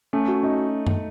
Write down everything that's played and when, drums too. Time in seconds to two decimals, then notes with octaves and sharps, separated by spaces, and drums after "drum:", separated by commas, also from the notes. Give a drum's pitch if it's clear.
0.13 A3 C#4
0.28 F#4
0.43 C#4 D#4
0.87 drum: tom F#2